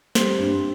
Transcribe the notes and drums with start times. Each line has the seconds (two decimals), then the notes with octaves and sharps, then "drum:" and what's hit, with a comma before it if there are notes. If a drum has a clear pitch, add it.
0.15 G3 C4 C5, drum: snare
0.39 G2